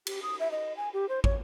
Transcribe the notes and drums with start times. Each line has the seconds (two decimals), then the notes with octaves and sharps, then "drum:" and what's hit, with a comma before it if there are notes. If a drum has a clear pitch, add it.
0.07 G4, drum: cymbal
0.22 D#6
0.40 E5
0.51 D#5
0.77 G#5
0.93 G4
1.09 C5
1.24 C#5, drum: kick